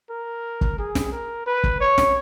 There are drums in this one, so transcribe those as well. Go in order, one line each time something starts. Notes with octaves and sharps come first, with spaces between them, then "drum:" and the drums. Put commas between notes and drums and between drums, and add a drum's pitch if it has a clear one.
A#4
drum: kick F#1
G#4
drum: snare
A#4
B4
drum: kick F#1
C#5
drum: snare